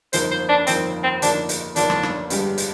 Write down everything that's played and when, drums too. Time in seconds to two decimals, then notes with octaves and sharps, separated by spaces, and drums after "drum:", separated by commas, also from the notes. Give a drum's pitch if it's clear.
0.13 G1 F2 D#3 A#3 F4 C5, drum: hi-hat
0.31 C5
0.49 D4
0.67 G1 F2 D#3 A#3 C4 F4, drum: hi-hat
1.03 C4
1.22 G1 F2 D#3 A#3 D4 F4, drum: hi-hat
1.49 drum: hi-hat
1.76 G1 F2 D#3 A#3 D4 F4, drum: hi-hat
1.90 drum: rim click
2.03 drum: rim click
2.30 G2 D3 G#3 D4 G4, drum: hi-hat
2.58 drum: hi-hat